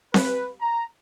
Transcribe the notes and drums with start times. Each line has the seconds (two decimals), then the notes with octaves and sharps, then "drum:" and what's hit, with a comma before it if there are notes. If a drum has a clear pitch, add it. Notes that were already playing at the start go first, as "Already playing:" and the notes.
0.14 B4, drum: snare C4
0.60 A#5